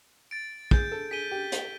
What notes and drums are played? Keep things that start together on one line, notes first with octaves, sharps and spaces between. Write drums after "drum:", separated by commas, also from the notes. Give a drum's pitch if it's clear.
A6 D7
G#4 G6, drum: kick
A4
G#4 B6 D#7 G7
G4
drum: hi-hat